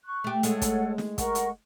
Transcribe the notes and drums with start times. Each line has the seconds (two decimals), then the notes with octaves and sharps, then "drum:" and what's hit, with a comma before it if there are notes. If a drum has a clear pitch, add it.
0.05 C#6 F#6
0.24 A3 G4
0.43 G#3 A3 A4 C#5 F#5, drum: hi-hat
0.62 drum: kick, hi-hat
0.98 drum: snare
1.18 A#4 F#5 C#6, drum: kick, hi-hat
1.35 drum: hi-hat